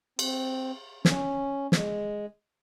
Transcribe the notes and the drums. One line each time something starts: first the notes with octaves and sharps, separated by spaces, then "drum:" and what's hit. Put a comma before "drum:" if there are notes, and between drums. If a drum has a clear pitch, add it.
C4, drum: cymbal
C#4, drum: snare
G#3, drum: snare